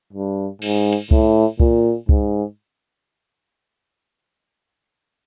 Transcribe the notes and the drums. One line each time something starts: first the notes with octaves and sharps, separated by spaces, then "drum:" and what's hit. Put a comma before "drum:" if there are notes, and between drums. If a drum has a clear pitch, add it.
G2
G#2, drum: cymbal
drum: hi-hat
A2, drum: kick C2
A#2, drum: kick C2
G#2, drum: kick C2